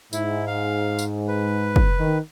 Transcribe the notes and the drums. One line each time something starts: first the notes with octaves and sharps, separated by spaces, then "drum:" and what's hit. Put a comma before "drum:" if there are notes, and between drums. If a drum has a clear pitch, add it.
G#2 E4, drum: tambourine
F5
drum: tambourine
B4
drum: kick
D#3